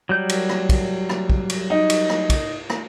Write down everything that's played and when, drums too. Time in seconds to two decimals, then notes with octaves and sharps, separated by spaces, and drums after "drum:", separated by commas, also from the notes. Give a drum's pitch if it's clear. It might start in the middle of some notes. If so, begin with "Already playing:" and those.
0.09 F#3 G3 G6
0.29 drum: cymbal
0.49 drum: rim click
0.69 drum: kick, cymbal
1.09 drum: rim click
1.30 drum: kick
1.50 drum: cymbal
1.70 D#4
1.90 drum: cymbal
2.10 drum: rim click
2.30 drum: kick, cymbal
2.70 drum: rim click